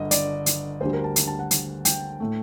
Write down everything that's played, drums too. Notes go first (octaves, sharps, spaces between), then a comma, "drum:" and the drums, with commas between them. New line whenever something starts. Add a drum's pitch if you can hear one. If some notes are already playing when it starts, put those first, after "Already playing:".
Already playing: G1 D3 D#5
D5, drum: hi-hat
drum: hi-hat
D2 D3 G3 C5
A#4
A5
drum: hi-hat
A5
F#5
drum: hi-hat
G5, drum: hi-hat
A2 A3